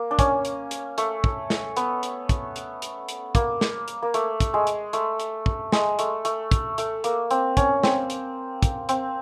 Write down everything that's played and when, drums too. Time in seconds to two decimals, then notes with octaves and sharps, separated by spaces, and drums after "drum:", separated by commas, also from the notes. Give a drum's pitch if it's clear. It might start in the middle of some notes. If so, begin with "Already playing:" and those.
Already playing: A#3
0.11 D4
0.19 C#4, drum: kick, hi-hat
0.45 drum: hi-hat
0.71 drum: hi-hat
0.98 A3, drum: hi-hat
1.24 drum: kick
1.50 drum: snare
1.77 B3, drum: hi-hat
2.03 drum: hi-hat
2.29 drum: kick, hi-hat
2.56 drum: hi-hat
2.82 drum: hi-hat
3.09 drum: hi-hat
3.35 A#3, drum: kick, hi-hat
3.61 drum: snare
3.88 drum: hi-hat
4.02 A#3
4.14 A3, drum: hi-hat
4.40 drum: kick, hi-hat
4.54 G#3
4.67 drum: hi-hat
4.93 A3, drum: hi-hat
5.20 drum: hi-hat
5.46 drum: kick
5.72 G#3, drum: snare
5.99 A3, drum: hi-hat
6.25 A3, drum: hi-hat
6.51 drum: kick, hi-hat
6.78 A3, drum: hi-hat
7.04 A#3, drum: hi-hat
7.31 C4, drum: hi-hat
7.57 C#4, drum: kick, hi-hat
7.83 C4, drum: snare
8.10 drum: hi-hat
8.63 drum: kick, hi-hat
8.89 C4, drum: hi-hat